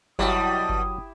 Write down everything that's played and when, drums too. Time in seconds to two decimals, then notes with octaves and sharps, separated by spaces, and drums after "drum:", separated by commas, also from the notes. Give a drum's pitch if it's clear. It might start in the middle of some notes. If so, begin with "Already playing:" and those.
0.19 B2 F#3 G3 E4 G4 E5 D#6, drum: kick G1
0.69 drum: kick G1